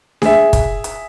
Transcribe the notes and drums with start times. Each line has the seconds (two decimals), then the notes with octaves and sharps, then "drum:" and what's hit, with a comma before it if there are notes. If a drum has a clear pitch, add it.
0.22 G#4 E5, drum: snare D4
0.53 drum: kick, hi-hat
0.84 drum: hi-hat